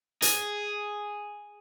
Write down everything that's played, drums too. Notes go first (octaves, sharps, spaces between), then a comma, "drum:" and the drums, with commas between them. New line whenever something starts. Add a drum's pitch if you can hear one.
G#4, drum: hi-hat